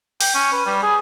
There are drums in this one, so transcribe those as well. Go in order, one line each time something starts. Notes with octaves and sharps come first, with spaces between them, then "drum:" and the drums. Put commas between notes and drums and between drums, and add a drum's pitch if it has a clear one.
G5, drum: open hi-hat
C#4
B4
G3
G#4